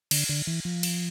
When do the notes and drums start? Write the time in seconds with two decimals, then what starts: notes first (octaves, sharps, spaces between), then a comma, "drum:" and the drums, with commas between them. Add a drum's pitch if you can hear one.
0.11 D3, drum: cymbal
0.29 D3
0.47 E3
0.65 F3
0.83 drum: cymbal